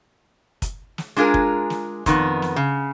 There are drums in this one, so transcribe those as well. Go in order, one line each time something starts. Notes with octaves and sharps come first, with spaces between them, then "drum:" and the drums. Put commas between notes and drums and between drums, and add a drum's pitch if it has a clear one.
drum: kick, hi-hat
drum: snare
G#3 D4 F4 G#4 A#4
drum: kick
drum: snare
F2 D#3 B3, drum: kick, hi-hat
drum: snare
C#3